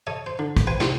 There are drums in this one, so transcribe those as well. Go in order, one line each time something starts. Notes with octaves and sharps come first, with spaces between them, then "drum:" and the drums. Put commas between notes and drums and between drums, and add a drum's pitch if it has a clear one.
A4 C#5 D#5
C5
D3
drum: kick, hi-hat
B4 C5 G5 G#5
C2 G#2 C5 G5 C6 C#6, drum: snare